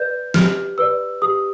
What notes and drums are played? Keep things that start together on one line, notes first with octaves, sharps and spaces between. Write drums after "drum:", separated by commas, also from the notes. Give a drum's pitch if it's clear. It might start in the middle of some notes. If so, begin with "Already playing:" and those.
Already playing: B4 D5 G6
G4 F6, drum: snare
B4 D5 E6
G4 D#6